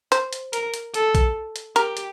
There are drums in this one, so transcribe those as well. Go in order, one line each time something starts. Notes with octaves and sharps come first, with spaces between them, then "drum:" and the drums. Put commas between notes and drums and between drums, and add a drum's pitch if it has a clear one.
C5, drum: hi-hat
drum: hi-hat
A#4, drum: hi-hat
drum: hi-hat
A4, drum: hi-hat
drum: kick A#1, hi-hat
drum: hi-hat
G4 A#4, drum: hi-hat
drum: hi-hat